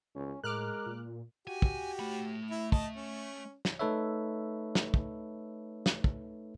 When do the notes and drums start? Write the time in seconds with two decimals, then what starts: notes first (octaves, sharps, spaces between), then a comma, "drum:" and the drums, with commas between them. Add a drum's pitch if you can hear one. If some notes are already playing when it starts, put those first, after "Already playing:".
0.15 C#2 C#4
0.44 A2 G#3 A#4 D6 F6 F#6
0.86 A#2
1.47 F#4 G4 G#5
1.62 drum: kick
1.99 A3 B5
2.51 E4 E5
2.72 D#5 A5, drum: kick
2.96 C#4
3.65 drum: snare
3.79 A3 D#4 A4 B4 C#5 E5
4.75 drum: snare
4.94 drum: kick
5.86 drum: snare
6.04 drum: kick